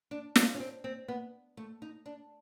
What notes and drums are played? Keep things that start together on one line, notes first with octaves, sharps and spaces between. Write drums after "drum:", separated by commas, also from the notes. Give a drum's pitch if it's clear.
D4
D4, drum: snare
C#4
C4
C4
B3
A3
D#4
D4